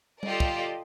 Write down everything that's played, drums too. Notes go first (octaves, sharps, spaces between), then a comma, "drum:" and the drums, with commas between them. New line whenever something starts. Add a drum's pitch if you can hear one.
F4 G4 A4 D5 D#5, drum: tom G3
drum: kick